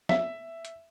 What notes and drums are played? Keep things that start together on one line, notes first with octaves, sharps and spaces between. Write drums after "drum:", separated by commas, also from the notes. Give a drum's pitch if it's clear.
E5, drum: snare
drum: hi-hat